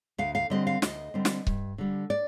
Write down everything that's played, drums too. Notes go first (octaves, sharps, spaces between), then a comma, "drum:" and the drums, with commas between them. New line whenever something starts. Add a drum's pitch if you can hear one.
D2 F5
F5
D3 G3 C4 D#5
F5
D2 D#5, drum: snare
D3 G3 C4
drum: snare
G2, drum: kick C#1
D3 G3
D5